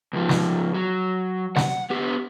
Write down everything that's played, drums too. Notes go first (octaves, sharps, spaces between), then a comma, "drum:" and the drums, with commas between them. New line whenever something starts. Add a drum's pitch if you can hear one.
C#2 F3
drum: snare
F#3
F#5, drum: snare
B3 G4